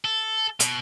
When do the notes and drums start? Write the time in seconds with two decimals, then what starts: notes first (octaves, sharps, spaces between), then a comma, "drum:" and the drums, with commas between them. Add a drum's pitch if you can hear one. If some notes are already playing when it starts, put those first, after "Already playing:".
0.05 A4
0.60 B2, drum: hi-hat